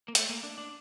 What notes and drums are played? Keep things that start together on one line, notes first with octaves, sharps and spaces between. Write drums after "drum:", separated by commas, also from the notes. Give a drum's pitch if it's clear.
A#3
A3, drum: hi-hat
A#3
D4
D4